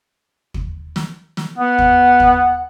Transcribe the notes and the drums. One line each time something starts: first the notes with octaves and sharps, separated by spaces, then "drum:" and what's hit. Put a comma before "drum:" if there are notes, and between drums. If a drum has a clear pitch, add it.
drum: kick
drum: snare
drum: snare
B3 F#5
drum: kick
drum: kick